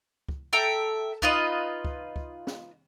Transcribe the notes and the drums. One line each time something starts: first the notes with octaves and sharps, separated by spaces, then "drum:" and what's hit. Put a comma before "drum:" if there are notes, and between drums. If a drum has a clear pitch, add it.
drum: kick
A4 E5 G5 A#5
D#4 F4 B4 D#5, drum: kick
drum: kick
drum: kick
drum: snare